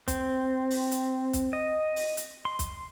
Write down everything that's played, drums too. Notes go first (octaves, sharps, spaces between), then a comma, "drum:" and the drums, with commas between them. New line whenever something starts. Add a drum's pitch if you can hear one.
C4, drum: kick, hi-hat
drum: open hi-hat
drum: hi-hat
drum: kick, hi-hat
D#5
drum: open hi-hat
drum: hi-hat
C6
drum: kick, hi-hat